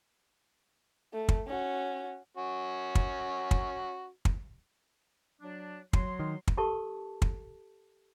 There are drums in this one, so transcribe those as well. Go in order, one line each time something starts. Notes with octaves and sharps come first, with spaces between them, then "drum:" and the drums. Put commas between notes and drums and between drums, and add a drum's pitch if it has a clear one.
A3
drum: kick
C#4 F#4
C#4 F#4
drum: kick
drum: kick
drum: kick
F#3 D4
F#3 C6, drum: kick
D#3
drum: kick
G4 A4 A#4 A5 C#6
drum: kick